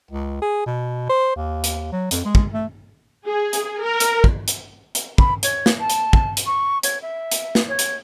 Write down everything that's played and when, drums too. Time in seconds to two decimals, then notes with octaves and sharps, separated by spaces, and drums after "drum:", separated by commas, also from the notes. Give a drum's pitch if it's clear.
0.11 C#2
0.41 G#4
0.66 B2
1.09 C5
1.36 D#2
1.64 drum: hi-hat
1.92 F#3
2.11 F2, drum: hi-hat
2.25 G#3
2.35 drum: kick
2.52 A3
3.26 G#4
3.53 drum: hi-hat
3.82 A#4
4.00 drum: hi-hat
4.24 drum: kick
4.48 drum: hi-hat
4.95 drum: hi-hat
5.18 B5, drum: kick
5.43 C#5, drum: hi-hat
5.66 drum: snare
5.80 A5
5.90 drum: hi-hat
6.13 drum: kick
6.37 drum: hi-hat
6.46 C#6
6.83 C#5, drum: hi-hat
7.02 E5
7.32 drum: hi-hat
7.55 drum: snare
7.68 C#5
7.79 drum: hi-hat